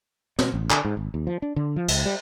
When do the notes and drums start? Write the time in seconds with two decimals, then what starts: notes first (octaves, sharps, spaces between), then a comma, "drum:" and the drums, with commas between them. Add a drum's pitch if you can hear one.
0.39 B2, drum: snare
0.54 A1
0.70 D3, drum: clap
0.85 G#2
0.97 G#1
1.14 D#2
1.27 F3
1.42 D4
1.56 D3
1.76 F3
1.88 C#2, drum: cymbal
2.06 G3